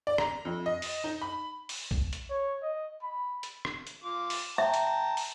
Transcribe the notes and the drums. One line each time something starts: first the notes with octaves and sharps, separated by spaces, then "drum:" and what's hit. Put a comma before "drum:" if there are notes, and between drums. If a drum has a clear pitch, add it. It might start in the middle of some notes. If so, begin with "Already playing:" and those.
D5
A#5, drum: rim click
F2
D#5
drum: open hi-hat
D#4
B5
drum: open hi-hat
drum: kick
drum: hi-hat
C#5
D#5
B5
drum: hi-hat
drum: rim click
drum: hi-hat
F4 D6
drum: open hi-hat
E5 G5 A5 A#5
drum: hi-hat
drum: open hi-hat